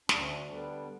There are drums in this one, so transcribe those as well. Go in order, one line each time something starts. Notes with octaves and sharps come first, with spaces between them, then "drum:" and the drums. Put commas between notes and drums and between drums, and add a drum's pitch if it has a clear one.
D2 D4, drum: snare
C#4
D4
D3 G3 B3